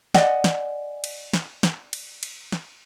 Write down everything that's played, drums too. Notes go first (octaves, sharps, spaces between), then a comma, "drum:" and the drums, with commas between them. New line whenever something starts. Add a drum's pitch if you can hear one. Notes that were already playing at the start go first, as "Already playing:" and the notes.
D5 D#5 F#5 G#5, drum: snare
drum: snare
drum: cymbal
drum: snare
drum: snare
drum: cymbal
drum: cymbal
drum: snare